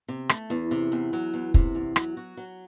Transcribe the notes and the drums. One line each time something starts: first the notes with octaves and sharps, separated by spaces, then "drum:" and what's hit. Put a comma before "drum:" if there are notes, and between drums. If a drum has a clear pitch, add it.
C3
A3, drum: rim click
E2
C3
E2
F#3
E2
C3, drum: kick
E2
F#3, drum: rim click
F#4
F#3